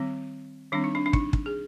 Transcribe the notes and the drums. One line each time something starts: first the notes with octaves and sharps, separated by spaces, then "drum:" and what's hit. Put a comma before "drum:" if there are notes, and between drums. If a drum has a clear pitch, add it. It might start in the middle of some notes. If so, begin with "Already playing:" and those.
Already playing: D#3 G3 C4
D#3 G3 C4 D4
D#4
D4
D4
D#4, drum: kick
drum: kick
G#4